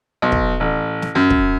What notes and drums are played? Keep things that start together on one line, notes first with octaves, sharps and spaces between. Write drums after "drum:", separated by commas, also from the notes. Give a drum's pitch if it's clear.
B1
drum: kick
A1
drum: snare
F#2
drum: kick